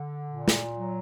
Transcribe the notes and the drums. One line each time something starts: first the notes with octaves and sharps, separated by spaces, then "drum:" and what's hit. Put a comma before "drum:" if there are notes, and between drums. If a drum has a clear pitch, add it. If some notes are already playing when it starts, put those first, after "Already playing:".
Already playing: D3
A#2
drum: snare
F#3